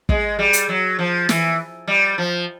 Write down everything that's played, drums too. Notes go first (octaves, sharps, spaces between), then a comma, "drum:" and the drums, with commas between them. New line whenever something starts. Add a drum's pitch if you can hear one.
G#3, drum: kick
G3
drum: hi-hat
F#3
F3
E3, drum: snare
G3
F3